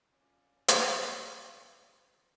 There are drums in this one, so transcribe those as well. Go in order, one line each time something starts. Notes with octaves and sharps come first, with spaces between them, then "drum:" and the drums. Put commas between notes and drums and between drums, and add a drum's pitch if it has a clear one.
C#4 F4 C#5 D5
drum: hi-hat